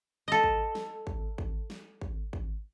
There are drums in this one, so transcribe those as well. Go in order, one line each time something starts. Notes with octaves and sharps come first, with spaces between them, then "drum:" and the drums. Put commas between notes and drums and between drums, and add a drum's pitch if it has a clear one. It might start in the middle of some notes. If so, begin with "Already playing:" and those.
A4 D#5
drum: kick G#1
drum: snare
drum: kick G#1
drum: kick G#1
drum: snare
drum: kick G#1
drum: kick G#1